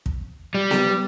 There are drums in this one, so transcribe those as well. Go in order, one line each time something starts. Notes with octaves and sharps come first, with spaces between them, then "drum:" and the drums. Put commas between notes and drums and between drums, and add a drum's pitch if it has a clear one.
drum: kick
G3
drum: snare B3